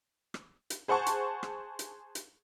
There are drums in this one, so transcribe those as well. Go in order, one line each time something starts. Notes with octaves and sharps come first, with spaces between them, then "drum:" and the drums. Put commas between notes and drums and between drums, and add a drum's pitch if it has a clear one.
drum: rim click
drum: hi-hat
G#4 C5 F#5 A5 C#6
drum: hi-hat
drum: rim click
drum: hi-hat
drum: hi-hat